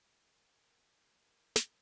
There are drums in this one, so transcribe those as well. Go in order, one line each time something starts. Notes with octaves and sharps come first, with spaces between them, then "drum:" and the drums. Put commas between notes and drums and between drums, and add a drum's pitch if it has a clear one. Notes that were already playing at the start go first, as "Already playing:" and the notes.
A#4 G#5 G6
drum: snare